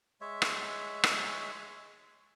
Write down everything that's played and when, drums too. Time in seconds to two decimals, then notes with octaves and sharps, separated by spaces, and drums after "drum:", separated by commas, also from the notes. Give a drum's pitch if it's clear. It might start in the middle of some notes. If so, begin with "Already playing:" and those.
0.21 G#3 C#5 E5
0.42 drum: rim click
1.04 drum: rim click